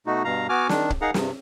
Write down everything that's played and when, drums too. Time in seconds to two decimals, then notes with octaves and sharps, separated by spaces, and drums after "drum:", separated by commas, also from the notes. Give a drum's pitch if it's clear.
0.06 B2 A3 D#4 F#4
0.24 G2 B2 F5 A#5
0.49 B3 F#4 G#5 D6 F6
0.69 D#3 D4, drum: snare
0.90 drum: kick
1.01 D#4 G#4 A#4 F5 F#5 A#5
1.14 G2 C3, drum: snare